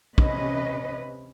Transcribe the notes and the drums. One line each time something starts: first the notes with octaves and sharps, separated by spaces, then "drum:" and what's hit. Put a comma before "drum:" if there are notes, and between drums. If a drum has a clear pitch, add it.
C3 C#4 B4 D#5, drum: kick